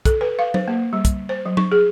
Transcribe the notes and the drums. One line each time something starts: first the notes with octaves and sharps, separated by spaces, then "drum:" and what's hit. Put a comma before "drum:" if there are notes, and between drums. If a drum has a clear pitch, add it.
A4, drum: kick, hi-hat
B4
F5
C5, drum: tom F#3
A#3
G3
drum: kick, hi-hat
C5
F#3
C#6, drum: tom F#3
G#4